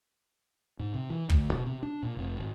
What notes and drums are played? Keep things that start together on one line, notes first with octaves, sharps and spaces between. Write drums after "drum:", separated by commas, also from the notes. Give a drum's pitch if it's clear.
G#2
C3
E3
D2, drum: kick
B2
C3
D4
A#2
F1
G#1